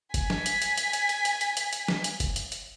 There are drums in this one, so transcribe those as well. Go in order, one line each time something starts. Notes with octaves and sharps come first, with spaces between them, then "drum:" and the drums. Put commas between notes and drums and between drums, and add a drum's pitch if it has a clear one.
G#5 B6, drum: kick, hi-hat
drum: snare
drum: hi-hat
drum: hi-hat
drum: hi-hat
drum: hi-hat
drum: hi-hat
drum: hi-hat
drum: hi-hat
drum: hi-hat
drum: hi-hat
drum: snare
drum: hi-hat
drum: kick, hi-hat
drum: hi-hat
drum: hi-hat